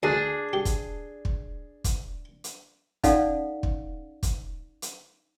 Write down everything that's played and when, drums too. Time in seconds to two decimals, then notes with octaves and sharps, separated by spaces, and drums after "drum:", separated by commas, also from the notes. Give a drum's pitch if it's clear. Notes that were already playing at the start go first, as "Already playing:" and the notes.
0.03 D2 D4 G#4
0.53 G4
0.65 drum: kick, hi-hat
1.25 drum: kick
1.84 drum: kick, hi-hat
2.44 drum: hi-hat
3.04 C#4 D#4 A4 D5 F5 F#5, drum: kick, hi-hat
3.63 drum: kick
4.23 drum: kick, hi-hat
4.82 drum: hi-hat